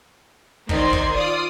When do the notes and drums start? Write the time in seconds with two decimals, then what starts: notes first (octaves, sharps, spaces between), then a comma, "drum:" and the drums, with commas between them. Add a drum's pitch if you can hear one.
0.69 D#3 D#4 C5 D5 C6 G#6, drum: kick
0.93 drum: kick
1.15 F4 D5 D#6